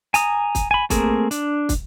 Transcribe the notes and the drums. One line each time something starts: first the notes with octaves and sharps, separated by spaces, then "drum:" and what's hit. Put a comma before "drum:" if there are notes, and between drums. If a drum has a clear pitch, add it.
G#5 A#5 D#6, drum: hi-hat
drum: kick, hi-hat
G#5 B5
A3 A#3 C4 G#4 A#4, drum: kick, hi-hat
D4, drum: hi-hat
drum: kick, hi-hat